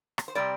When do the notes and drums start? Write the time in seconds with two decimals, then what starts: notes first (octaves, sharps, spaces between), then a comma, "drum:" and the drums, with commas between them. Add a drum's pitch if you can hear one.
0.18 drum: rim click
0.28 C5
0.35 C3 G3 C4 D5